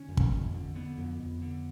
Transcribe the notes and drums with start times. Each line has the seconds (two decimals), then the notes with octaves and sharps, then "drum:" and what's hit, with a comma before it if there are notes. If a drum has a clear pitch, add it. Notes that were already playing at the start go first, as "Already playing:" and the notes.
Already playing: D3 C#4
0.08 F2
0.17 drum: kick
0.30 F2
0.53 D3
0.75 D3 B3
0.97 F2
1.19 F2
1.42 D3